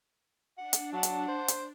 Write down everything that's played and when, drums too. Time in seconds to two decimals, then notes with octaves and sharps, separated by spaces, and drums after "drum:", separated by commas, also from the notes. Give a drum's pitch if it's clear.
0.58 D4 F#5
0.73 drum: hi-hat
0.92 F#3 F#5 A5
1.03 drum: hi-hat
1.29 C5
1.48 drum: hi-hat